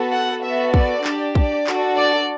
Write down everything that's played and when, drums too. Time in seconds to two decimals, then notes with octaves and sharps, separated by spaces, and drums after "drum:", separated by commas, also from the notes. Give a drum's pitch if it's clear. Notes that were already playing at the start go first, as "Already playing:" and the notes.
Already playing: B3 F#4 A4
0.12 F#5
0.43 B3 F#4 A4 E5
0.74 D5, drum: kick
1.04 D4 G4, drum: clap
1.35 D5, drum: kick
1.67 D4 F#4 A4, drum: clap
1.97 D5